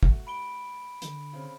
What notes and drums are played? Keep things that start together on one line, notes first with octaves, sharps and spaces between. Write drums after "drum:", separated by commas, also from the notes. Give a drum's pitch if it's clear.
A3 F#4, drum: kick
B5 D7 G7
D3, drum: hi-hat
C#3 C4